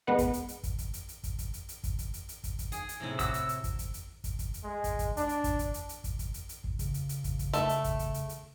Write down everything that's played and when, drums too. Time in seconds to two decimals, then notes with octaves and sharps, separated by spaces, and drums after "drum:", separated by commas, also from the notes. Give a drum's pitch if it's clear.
0.07 G#3 B3 B4 F#5
0.18 drum: kick, hi-hat
0.33 drum: hi-hat
0.48 drum: hi-hat
0.63 drum: kick, hi-hat
0.79 drum: kick, hi-hat
0.94 drum: hi-hat
1.09 drum: hi-hat
1.24 drum: kick, hi-hat
1.39 drum: kick, hi-hat
1.54 drum: hi-hat
1.69 drum: hi-hat
1.84 drum: kick, hi-hat
1.99 drum: kick, hi-hat
2.14 drum: hi-hat
2.29 drum: hi-hat
2.44 drum: kick, hi-hat
2.59 drum: kick, hi-hat
2.72 G#4, drum: hi-hat
2.89 drum: hi-hat
3.00 A2 C3 E4
3.19 F#4 E6, drum: kick, hi-hat
3.34 drum: hi-hat
3.49 drum: hi-hat
3.64 drum: kick, hi-hat
3.79 drum: kick, hi-hat
3.94 drum: hi-hat
4.24 drum: kick, hi-hat
4.39 drum: kick, hi-hat
4.54 drum: hi-hat
4.64 G#3
4.84 drum: kick, hi-hat
4.99 drum: kick, hi-hat
5.17 D4, drum: hi-hat
5.29 drum: hi-hat
5.44 drum: kick, hi-hat
5.59 drum: kick, hi-hat
5.74 drum: hi-hat
5.89 drum: hi-hat
6.04 drum: kick, hi-hat
6.19 drum: kick, hi-hat
6.34 drum: hi-hat
6.49 drum: hi-hat
6.64 drum: kick
6.79 C#3, drum: kick, hi-hat
6.94 drum: hi-hat
7.09 drum: hi-hat
7.24 drum: kick, hi-hat
7.39 drum: kick, hi-hat
7.53 A3, drum: hi-hat
7.69 drum: hi-hat
7.84 drum: kick, hi-hat
7.99 drum: kick, hi-hat
8.14 drum: hi-hat
8.29 drum: hi-hat